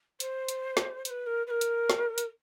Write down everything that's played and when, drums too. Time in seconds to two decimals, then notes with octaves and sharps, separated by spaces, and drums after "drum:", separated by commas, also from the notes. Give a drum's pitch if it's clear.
0.20 C5, drum: hi-hat
0.49 drum: hi-hat
0.77 drum: snare
1.05 C5, drum: hi-hat
1.10 B4
1.26 A#4
1.47 B4
1.51 A#4
1.61 drum: hi-hat
1.90 drum: snare
2.18 drum: hi-hat